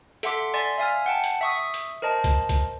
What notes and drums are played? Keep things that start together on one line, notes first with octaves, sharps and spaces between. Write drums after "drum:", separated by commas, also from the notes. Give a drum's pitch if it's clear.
A4 E5 F#5 C6 D6, drum: hi-hat
D5 G#5 C6 A6 B6
E5 F5 G#5 F6
F#5 G5 A5
drum: hi-hat
E5 C#6 D#6
drum: hi-hat
A#4 C5 D#5 A5
drum: kick, hi-hat
drum: kick, hi-hat